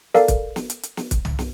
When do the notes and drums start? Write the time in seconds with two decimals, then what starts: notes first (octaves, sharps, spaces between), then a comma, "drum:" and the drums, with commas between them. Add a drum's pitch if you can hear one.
0.14 A4 A#4 D5 F5, drum: snare
0.28 drum: kick, hi-hat
0.56 drum: snare
0.70 drum: hi-hat
0.83 drum: hi-hat
0.97 drum: snare
1.11 drum: kick, hi-hat
1.25 drum: tom
1.39 drum: snare